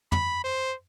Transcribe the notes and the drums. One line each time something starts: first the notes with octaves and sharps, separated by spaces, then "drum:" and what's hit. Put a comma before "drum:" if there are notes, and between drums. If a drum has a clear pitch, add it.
B5, drum: tom
C5